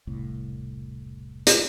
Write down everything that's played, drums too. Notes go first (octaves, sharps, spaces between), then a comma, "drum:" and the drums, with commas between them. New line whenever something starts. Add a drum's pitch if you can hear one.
E1 C2 A2
drum: hi-hat